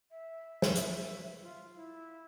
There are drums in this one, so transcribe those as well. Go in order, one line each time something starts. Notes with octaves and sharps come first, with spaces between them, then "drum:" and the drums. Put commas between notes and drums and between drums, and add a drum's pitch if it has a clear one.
E5
drum: snare
E5, drum: hi-hat
F4
E4